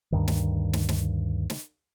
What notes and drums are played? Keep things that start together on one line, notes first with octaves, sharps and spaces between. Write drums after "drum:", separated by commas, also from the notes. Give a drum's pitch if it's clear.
D2 G2 D#3
drum: snare
drum: snare
drum: snare
drum: snare